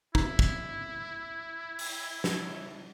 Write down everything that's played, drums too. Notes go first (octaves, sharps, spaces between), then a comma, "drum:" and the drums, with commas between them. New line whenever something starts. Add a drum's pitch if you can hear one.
D#4 E4, drum: kick
drum: kick
drum: open hi-hat
drum: snare